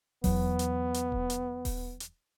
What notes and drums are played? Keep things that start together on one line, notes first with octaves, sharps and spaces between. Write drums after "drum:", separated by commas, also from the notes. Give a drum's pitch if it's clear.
E2 F#3 B3, drum: kick D#1, open hi-hat
drum: hi-hat
drum: hi-hat
drum: kick D#1
drum: hi-hat
drum: kick D#1, open hi-hat
drum: hi-hat